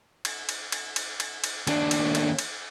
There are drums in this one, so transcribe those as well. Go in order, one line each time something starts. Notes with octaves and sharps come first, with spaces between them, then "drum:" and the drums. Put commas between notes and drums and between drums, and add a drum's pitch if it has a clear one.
drum: cymbal
drum: cymbal
drum: cymbal
drum: cymbal
drum: cymbal
drum: cymbal
D#2 D4, drum: cymbal
drum: cymbal
drum: cymbal
drum: cymbal